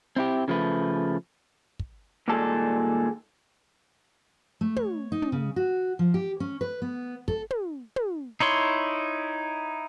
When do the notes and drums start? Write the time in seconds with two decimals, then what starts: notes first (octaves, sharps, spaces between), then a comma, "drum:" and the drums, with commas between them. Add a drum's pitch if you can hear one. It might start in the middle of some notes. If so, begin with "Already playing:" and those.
0.16 C4 E4 G4
0.48 C#3 F3 A3 B4
1.79 drum: kick
2.28 D#2 A#2 G3 G#3 A4 A5
4.61 A3
4.76 C#5, drum: tom
5.12 D#4
5.22 drum: tom
5.32 C#3
5.56 F#4
5.99 F3
6.14 G4
6.40 C#4
6.61 B4
6.82 B3
7.28 A4, drum: kick
7.50 drum: tom
7.96 drum: tom
8.40 D#4 E4 C#5 C6